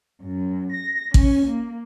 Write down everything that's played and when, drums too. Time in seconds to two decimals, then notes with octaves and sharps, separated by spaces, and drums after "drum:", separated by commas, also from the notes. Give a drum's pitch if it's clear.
0.22 F#2
0.72 A#6
1.14 C#4, drum: kick A1
1.47 A#3